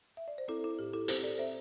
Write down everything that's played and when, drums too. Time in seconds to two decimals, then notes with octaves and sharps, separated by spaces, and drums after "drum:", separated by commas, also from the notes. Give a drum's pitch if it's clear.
0.17 E5
0.28 D5
0.38 C5
0.48 C4 E4 A4
0.64 E4
0.79 A2 G4
0.93 E4 A4
1.08 C4 G4 C5, drum: hi-hat
1.23 A4 D5
1.38 C4 C5 E5